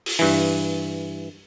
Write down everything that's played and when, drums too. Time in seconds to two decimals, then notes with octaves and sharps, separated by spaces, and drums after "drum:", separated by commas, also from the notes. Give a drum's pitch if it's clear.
0.06 drum: open hi-hat
0.19 G2 E3